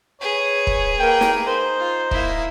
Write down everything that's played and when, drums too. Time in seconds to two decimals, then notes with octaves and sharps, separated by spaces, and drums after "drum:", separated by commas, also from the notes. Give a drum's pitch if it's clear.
0.21 G#4 B4 C#5
0.67 drum: kick
0.99 A#3 A#4 G5
1.21 drum: snare
1.47 D#4 C5
1.79 F4
2.11 A#3 E4, drum: kick